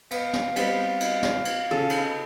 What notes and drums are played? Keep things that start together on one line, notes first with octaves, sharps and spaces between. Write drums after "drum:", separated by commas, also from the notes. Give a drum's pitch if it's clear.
B3 F5, drum: cymbal
drum: snare
G3 B3 C4, drum: cymbal
drum: cymbal
drum: snare
drum: cymbal
C#3 A4
drum: cymbal